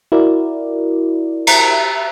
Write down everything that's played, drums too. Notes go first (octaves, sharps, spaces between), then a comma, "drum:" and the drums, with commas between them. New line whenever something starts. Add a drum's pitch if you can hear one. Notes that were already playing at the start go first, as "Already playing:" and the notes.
E4 F#4 A#4 D5
drum: cymbal